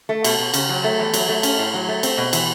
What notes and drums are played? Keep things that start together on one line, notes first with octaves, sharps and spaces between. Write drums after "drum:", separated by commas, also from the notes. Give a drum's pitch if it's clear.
A3
B2, drum: cymbal
B2
C#3, drum: cymbal
F#3
A3
E2
F#3, drum: cymbal
A3
C#4, drum: cymbal
A2
F#3
A3
C4, drum: cymbal
B2
E3, drum: cymbal